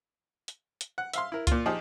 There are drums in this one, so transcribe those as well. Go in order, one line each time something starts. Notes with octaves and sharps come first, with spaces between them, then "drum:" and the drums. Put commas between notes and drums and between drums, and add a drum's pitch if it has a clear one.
drum: hi-hat
drum: hi-hat
F#5
E5 F5 C6, drum: hi-hat
E4 A#4
A#2 F4, drum: kick C#2, hi-hat
F3 D#4 G4 G#4